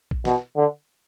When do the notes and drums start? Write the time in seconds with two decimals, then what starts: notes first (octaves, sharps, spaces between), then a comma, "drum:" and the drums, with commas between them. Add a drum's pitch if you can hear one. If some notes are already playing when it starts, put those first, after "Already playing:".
0.11 drum: kick A#1
0.25 B2, drum: snare
0.56 D3